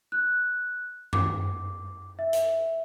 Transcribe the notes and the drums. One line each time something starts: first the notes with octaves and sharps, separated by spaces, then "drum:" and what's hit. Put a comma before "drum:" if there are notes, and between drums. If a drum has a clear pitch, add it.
F#6
D6, drum: tom F#2
E5
drum: hi-hat